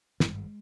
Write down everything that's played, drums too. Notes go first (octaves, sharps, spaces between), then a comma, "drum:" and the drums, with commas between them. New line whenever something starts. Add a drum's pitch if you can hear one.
G#1 G2 G#3, drum: snare